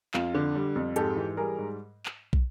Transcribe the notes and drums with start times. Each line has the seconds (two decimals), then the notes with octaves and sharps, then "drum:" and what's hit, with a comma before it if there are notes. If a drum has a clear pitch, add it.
0.14 F2 F4, drum: clap
0.34 D3
0.55 G3
0.76 F2
0.96 G#2 G4 A4, drum: hi-hat
1.16 E3
1.37 G3 G#4 A#4
1.58 G#2
2.06 drum: clap
2.33 drum: kick